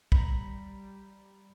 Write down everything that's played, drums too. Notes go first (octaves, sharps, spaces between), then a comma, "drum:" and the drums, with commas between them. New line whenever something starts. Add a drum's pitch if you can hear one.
G3 A#5 B5, drum: kick